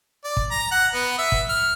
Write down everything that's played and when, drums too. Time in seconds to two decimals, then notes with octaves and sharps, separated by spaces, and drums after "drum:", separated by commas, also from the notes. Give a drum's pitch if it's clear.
0.24 D5
0.37 drum: kick
0.51 A#5
0.71 F#5
0.94 B3
1.18 E5
1.32 drum: kick
1.49 F6